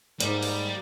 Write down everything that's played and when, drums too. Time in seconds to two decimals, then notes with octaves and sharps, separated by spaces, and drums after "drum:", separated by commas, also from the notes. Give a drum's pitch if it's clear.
0.20 G#2 G3 A#3 G#4 D6, drum: hi-hat
0.43 drum: open hi-hat